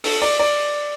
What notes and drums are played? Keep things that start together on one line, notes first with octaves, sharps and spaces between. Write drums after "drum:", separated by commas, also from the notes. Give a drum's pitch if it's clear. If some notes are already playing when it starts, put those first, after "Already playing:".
A4, drum: open hi-hat
D5
D5